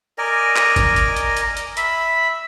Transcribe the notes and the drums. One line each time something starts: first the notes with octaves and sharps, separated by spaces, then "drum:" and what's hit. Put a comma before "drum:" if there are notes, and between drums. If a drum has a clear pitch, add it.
A#4 D5 D#5 G#5
drum: clap
drum: kick G1, hi-hat
drum: hi-hat
drum: hi-hat
drum: hi-hat
drum: hi-hat
E5 B5, drum: hi-hat